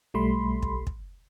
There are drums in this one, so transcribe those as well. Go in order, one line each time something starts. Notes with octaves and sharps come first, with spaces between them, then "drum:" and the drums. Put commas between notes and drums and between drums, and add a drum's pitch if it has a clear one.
B1 G3 A3 B5 C6
drum: kick
drum: kick